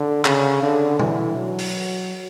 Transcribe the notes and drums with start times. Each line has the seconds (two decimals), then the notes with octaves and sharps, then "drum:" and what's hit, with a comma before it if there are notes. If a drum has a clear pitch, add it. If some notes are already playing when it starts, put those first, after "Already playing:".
Already playing: D3
0.25 C#3, drum: clap
0.62 D3
0.99 E3, drum: tom B2
1.36 F#3
1.58 drum: open hi-hat